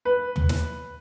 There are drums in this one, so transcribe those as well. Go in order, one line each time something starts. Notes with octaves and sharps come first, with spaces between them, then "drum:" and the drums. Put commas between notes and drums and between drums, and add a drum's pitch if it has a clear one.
B4
drum: tom
drum: snare